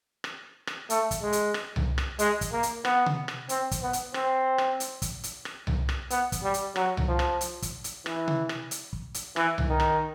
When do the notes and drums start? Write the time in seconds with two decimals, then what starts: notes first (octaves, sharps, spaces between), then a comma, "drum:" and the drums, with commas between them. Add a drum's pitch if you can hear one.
0.24 drum: rim click
0.67 drum: rim click
0.90 A3, drum: hi-hat
1.11 drum: kick, hi-hat
1.22 G#3
1.33 drum: hi-hat
1.54 drum: rim click
1.76 drum: tom C2
1.98 drum: rim click
2.19 G#3, drum: hi-hat
2.41 drum: kick, hi-hat
2.52 A#3
2.63 drum: hi-hat
2.85 B3, drum: rim click
3.06 drum: tom C3
3.28 drum: rim click
3.49 C4, drum: hi-hat
3.71 drum: kick, hi-hat
3.82 B3
3.93 drum: hi-hat
4.14 C4, drum: rim click
4.58 drum: rim click
4.80 drum: hi-hat
5.02 drum: kick, hi-hat
5.23 drum: hi-hat
5.45 drum: rim click
5.67 drum: tom C2
5.89 drum: rim click
6.10 B3, drum: hi-hat
6.32 drum: kick, hi-hat
6.43 G3
6.54 drum: hi-hat
6.76 F#3, drum: rim click
6.97 drum: tom C2
7.08 F3
7.19 drum: rim click
7.41 drum: hi-hat
7.62 drum: kick, hi-hat
7.84 drum: hi-hat
8.06 E3, drum: rim click
8.28 drum: tom C3
8.49 drum: rim click
8.71 drum: hi-hat
8.93 drum: kick
9.14 drum: hi-hat
9.36 E3, drum: rim click
9.58 drum: tom C2
9.69 D#3
9.80 drum: rim click